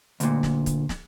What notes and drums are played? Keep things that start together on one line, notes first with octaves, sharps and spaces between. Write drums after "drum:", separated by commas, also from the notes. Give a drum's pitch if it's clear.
D2 A#2, drum: hi-hat
drum: snare
drum: kick, hi-hat
drum: snare